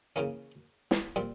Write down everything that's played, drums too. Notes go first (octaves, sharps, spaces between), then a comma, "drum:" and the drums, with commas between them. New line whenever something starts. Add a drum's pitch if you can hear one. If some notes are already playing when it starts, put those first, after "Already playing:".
C#3 E3 A#3 C#4
drum: snare
A#2 G3 C4